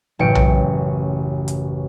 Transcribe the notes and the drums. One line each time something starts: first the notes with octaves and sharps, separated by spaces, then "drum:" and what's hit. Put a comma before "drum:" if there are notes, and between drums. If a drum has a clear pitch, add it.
A1 F#2 C#3 G5 C#7 D7
drum: tom B1
drum: hi-hat